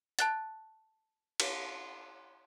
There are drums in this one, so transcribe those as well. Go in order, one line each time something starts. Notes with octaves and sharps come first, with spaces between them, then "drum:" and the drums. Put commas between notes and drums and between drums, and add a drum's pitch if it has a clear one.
A5 F#6 A6, drum: hi-hat
drum: cymbal